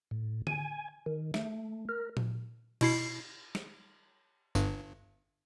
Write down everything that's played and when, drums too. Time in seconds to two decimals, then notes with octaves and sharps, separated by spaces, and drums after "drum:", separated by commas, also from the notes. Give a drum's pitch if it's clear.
0.11 A2
0.47 G#5, drum: tom D3
1.06 D#3
1.34 A3, drum: snare
1.89 A#4
2.17 drum: tom A#2
2.81 B2 E4 C7, drum: cymbal
3.55 drum: snare
4.55 G1 G2, drum: tambourine